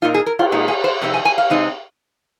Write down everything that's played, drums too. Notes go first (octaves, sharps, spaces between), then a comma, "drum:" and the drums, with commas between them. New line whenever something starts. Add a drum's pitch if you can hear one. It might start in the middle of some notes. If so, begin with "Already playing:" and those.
A#2 A#3 D#4 F4
G#4
A#4
F4, drum: cymbal
A#2 G#3 D#4
G#4
C5
F2 C3 C4 D#4
G#5
G#5
F5
C3 G#3 C4 D#4